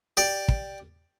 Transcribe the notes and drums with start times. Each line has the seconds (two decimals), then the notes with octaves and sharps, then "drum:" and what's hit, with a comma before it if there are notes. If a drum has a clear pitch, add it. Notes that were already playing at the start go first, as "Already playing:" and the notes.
0.17 G4 D5
0.48 drum: kick